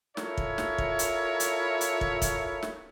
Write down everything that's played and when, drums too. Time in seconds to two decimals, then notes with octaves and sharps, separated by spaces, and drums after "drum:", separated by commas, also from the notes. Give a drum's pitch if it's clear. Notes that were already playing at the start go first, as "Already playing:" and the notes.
0.17 E4 F4 A4 A#4 C#5 E5, drum: snare
0.38 drum: kick
0.58 drum: snare
0.78 drum: kick
0.99 drum: hi-hat
1.40 drum: hi-hat
1.81 drum: hi-hat
2.01 drum: kick
2.22 drum: kick, hi-hat
2.63 drum: snare